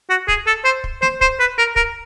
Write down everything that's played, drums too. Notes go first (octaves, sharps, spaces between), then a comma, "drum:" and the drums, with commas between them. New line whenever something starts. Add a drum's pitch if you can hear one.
F#4
G#4, drum: kick
A4
C5
drum: kick
C5, drum: snare
C5, drum: kick
B4
A#4
A#4, drum: kick